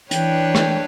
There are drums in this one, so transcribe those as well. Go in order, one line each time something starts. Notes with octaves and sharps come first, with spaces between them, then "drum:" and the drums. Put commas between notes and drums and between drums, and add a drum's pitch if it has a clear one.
E3 D4 B4 C#5 G5, drum: hi-hat
drum: rim click